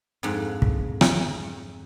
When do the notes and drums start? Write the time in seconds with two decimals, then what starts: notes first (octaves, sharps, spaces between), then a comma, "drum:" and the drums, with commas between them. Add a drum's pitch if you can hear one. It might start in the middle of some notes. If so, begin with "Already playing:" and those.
0.23 F2 G#2
0.62 drum: kick
1.01 drum: rim click